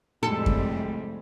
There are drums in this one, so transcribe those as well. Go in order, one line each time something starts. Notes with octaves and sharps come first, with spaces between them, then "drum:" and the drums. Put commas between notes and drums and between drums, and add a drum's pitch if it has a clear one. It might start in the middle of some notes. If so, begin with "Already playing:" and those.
F2 A2 C3 G3 G#3 A4
drum: kick F#2